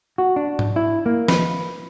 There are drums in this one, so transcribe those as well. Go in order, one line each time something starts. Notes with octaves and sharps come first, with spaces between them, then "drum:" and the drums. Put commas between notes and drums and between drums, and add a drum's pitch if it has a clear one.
F#4
D4
drum: tom G#2
E4
A#3
B4, drum: snare